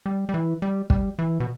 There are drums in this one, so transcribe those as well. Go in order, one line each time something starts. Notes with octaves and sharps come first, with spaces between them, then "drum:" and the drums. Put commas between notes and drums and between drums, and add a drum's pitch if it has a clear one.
G3
G3
E3
G3
G3, drum: kick
E3
B2